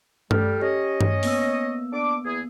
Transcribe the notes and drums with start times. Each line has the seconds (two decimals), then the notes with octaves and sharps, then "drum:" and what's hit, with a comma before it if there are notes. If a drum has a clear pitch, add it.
0.31 G3 A4 F6, drum: tom G2
0.61 C#4 G4 C#5 D#5
1.01 drum: tom G2
1.23 A#3 B3 E6, drum: open hi-hat
1.93 D4 D6
2.25 E2 G#4